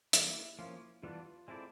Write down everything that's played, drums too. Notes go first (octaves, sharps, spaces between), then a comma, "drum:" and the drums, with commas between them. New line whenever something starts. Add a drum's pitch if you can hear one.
E3 G3 A#3 E4, drum: hi-hat
F3 A#3 C#4 F4
E3 G3 B3 D4 F4
G#3 C4 E4 A4 D5